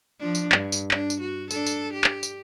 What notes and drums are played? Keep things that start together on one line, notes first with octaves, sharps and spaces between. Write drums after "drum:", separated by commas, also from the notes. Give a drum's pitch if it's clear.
F3 D4
drum: tambourine
G2, drum: clap
drum: tambourine
D4, drum: clap
drum: tambourine
F#4
D4 A4, drum: tambourine
drum: tambourine
G4
drum: clap
drum: tambourine